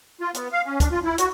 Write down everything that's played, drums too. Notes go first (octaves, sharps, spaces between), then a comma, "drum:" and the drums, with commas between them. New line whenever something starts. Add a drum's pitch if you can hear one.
F4
B3, drum: hi-hat
F5
C#4
D4, drum: kick, hi-hat
F4
E4
F#4, drum: hi-hat